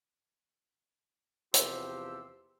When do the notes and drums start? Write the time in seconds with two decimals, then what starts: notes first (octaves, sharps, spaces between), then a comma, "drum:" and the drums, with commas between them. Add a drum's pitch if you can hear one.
1.54 E2 C3 F3 G4 C6 E6, drum: hi-hat